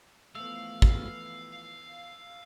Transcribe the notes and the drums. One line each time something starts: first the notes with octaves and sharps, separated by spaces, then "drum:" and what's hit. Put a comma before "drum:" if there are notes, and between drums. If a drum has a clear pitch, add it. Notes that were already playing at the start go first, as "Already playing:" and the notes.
E3 F3 A3 B3 F5 E6
drum: kick